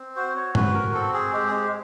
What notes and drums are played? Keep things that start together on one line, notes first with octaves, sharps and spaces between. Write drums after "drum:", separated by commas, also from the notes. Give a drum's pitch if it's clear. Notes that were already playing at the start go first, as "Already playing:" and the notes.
Already playing: C4
F#4 C5
C#5
F#4 B4, drum: tom
A#4
C4 A4
G#4
G#3 G4
G#4
G4